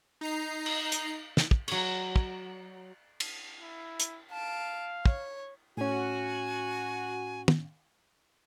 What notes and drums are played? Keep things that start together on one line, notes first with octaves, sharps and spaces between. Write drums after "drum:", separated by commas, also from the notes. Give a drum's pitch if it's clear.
D#4 A#5 C7
drum: cymbal
drum: hi-hat
drum: snare
drum: kick
F#3 C#5, drum: cymbal
drum: kick
drum: cymbal
E4
drum: hi-hat
F5 A5 D7
C#5, drum: kick
A2 C#4 F#4 G#5
drum: tom